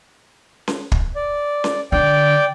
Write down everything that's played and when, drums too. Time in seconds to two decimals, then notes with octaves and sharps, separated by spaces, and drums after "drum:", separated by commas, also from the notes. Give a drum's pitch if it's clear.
0.68 drum: snare C#4
0.92 drum: kick
1.16 D5
1.64 drum: snare C#4
1.92 D3 D5 G5